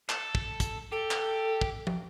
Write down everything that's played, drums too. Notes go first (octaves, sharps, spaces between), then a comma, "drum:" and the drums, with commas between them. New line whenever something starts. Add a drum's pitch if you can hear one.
A4, drum: clap
drum: kick
drum: kick, hi-hat
G4 A4
drum: clap
drum: kick
drum: tom